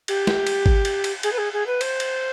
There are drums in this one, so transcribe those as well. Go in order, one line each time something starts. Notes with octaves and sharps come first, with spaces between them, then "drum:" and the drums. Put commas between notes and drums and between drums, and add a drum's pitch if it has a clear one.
G4, drum: cymbal
drum: snare
drum: cymbal
drum: kick G#1
drum: cymbal
drum: cymbal
G#4, drum: cymbal
B4
G#4
G#4
B4
C5, drum: cymbal
drum: cymbal